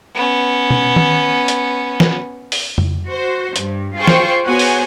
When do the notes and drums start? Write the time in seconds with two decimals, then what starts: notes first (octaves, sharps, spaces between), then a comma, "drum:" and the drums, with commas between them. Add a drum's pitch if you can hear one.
0.15 B3 C#4
0.70 drum: tom B2
0.96 drum: tom
1.48 drum: hi-hat
2.00 drum: snare
2.52 drum: open hi-hat
2.78 drum: tom F2
3.07 F#4 C5
3.56 G2, drum: hi-hat
3.98 F4 G#4 C5 G5 C#6
4.08 drum: snare
4.44 B3 F#4 G#4 C5 C#5 G#5
4.59 drum: open hi-hat